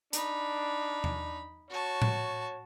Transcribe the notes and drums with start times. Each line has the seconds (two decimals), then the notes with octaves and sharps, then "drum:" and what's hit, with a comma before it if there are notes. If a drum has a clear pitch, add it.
0.13 D4 D#4 B5, drum: hi-hat
1.04 drum: tom E2
1.70 F#4 C#5 A5
2.02 drum: tom A2